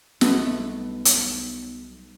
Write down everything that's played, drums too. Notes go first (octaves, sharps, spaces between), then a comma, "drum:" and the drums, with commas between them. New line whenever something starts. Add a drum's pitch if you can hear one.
B1 G3 A3 B3, drum: snare
drum: hi-hat